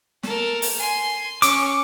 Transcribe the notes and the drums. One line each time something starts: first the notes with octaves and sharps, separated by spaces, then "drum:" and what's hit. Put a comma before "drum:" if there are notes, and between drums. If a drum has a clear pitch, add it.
A4 A#4, drum: snare
drum: open hi-hat
G#5 C6
C#4 C#6 D6, drum: hi-hat